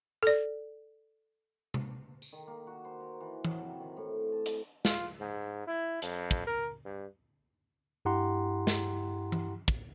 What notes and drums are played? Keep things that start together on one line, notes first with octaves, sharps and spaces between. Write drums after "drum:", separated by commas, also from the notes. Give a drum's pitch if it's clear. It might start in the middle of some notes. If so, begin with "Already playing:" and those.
A4 D5
drum: tom C3
drum: tambourine
D#3
A#3
F#4
C5
A#4
E3
F#3, drum: tom E3
C3
D#3
A2
A5
A3, drum: hi-hat
F4, drum: snare
G#2
E4
F2, drum: hi-hat
drum: kick
A#4
G2
G2 E4 G4 F#5 A#5 C6
drum: snare
drum: tom E3
drum: kick